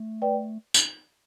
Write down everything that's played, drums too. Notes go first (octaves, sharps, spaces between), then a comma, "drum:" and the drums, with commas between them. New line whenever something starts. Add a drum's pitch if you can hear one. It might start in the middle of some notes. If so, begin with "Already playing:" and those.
Already playing: A3
B4 D5 G5
drum: tambourine